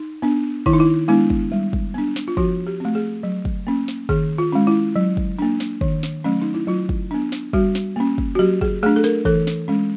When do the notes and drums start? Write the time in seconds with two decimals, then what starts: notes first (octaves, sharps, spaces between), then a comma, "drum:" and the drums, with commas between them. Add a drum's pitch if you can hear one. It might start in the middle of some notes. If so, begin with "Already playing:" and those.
Already playing: D#4
0.22 B3 D4
0.66 D#3 E4, drum: kick
0.73 D#4
0.80 E4
1.08 G#3 B3 D4 E4
1.30 drum: kick
1.52 G3
1.73 drum: kick
1.94 B3 D4
2.16 drum: snare
2.28 F4
2.37 F3 F#4, drum: kick
2.67 G4
2.80 A3 C4
2.95 G#4
3.23 F#3
3.45 drum: kick
3.67 A#3 C#4
3.88 drum: snare
4.09 D#3 G#4, drum: kick
4.38 F4
4.52 G#3 C#4
4.67 E4
4.96 F#3
5.17 drum: kick
5.39 A#3 D4
5.60 drum: snare
5.81 D#3, drum: kick
6.03 drum: snare
6.24 F#3 A3 C#4
6.42 D#4
6.54 E4
6.67 F#3 F4
6.89 drum: kick
7.11 B3 D4
7.32 drum: snare
7.53 G3 F#4, drum: kick
7.75 drum: snare
7.96 A#3 C#4
8.18 drum: kick
8.35 F#4
8.39 F#3 G4
8.61 G#4, drum: kick
8.83 A3 D4 G#4
8.96 A4
9.04 A#4, drum: snare
9.25 E3 A4, drum: kick
9.47 drum: snare
9.68 G#3 C#4